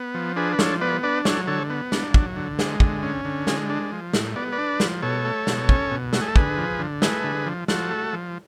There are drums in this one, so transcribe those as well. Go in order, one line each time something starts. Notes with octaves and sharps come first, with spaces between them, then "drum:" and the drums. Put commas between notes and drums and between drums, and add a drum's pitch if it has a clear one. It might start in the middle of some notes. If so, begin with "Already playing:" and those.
Already playing: B3
F3
D4 G#4 B4
B4
F3 A4 C#5, drum: snare
B3 B4 D5
D4 B4 D5
F#3 A4 C#5, drum: snare
D3 A4 C#5
B3
D4, drum: snare
F#3, drum: kick
D3
G#3, drum: snare
D3, drum: kick
C#4
D3
G#3, drum: snare
D4
F3
A2, drum: snare
B3 D5
B4 D5
D4
F3, drum: snare
B2 A4 C#5
A3
B2, drum: snare
C#4, drum: kick
B2
A3 F#4, drum: snare
G#4
A4
D3 G#4 B4, drum: kick
F3
D3
A3 G#4 B4, drum: snare
D3
F3
F3 F#4 A4, drum: snare
A3
F3